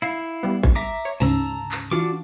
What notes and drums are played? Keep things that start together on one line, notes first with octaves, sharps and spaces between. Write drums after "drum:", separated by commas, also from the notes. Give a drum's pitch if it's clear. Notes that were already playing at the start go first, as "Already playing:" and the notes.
E4 F5
G3 B3
drum: kick A1
E5 A#5 D6
C#5
D2 G#2 C#3 A5 A#5 E6, drum: open hi-hat
drum: clap
E3 D4 F4 F#4 D6